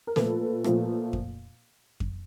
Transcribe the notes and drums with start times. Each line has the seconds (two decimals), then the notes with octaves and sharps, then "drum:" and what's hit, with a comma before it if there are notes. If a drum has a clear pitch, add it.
0.07 A#4
0.16 A#2 F3 A3 A4 B4, drum: snare
0.64 A#2 F3 A3, drum: rim click
1.13 drum: kick F2
2.00 drum: kick F2